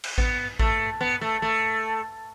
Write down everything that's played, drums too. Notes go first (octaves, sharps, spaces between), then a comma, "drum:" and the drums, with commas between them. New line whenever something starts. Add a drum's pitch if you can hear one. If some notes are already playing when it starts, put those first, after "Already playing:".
drum: cymbal
B3, drum: kick A1
A3, drum: kick A1
B3
A3
A3